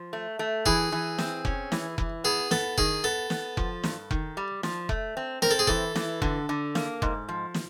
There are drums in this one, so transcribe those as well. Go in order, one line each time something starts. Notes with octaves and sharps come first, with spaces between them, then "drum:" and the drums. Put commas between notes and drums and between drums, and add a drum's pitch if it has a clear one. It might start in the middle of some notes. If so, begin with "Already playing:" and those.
Already playing: F3
A3
A3
E3 G#4, drum: kick F1
E3
C4, drum: snare
C#4, drum: kick F1
E3, drum: snare
E3, drum: kick F1
B3 G#4
B3 A4, drum: snare
D#3 G#4, drum: kick F1
B3 A4
B3, drum: snare
F3, drum: kick F1
G2, drum: snare
D#3, drum: kick F1
G3
F3, drum: snare
A3, drum: kick F1
C4
C4 A#4, drum: snare
A4
G#4
E3 A4, drum: kick F1
E3, drum: snare
D3, drum: kick F1
D3
A#3, drum: snare
G#2, drum: kick F1
F3
drum: snare